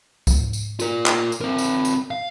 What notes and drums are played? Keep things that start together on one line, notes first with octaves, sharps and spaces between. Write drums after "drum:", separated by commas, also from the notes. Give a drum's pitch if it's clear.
drum: kick C#2, tambourine
drum: tambourine
F4 A#4, drum: tambourine
drum: clap
drum: tambourine
C4 A#4
drum: tambourine
drum: tambourine
F5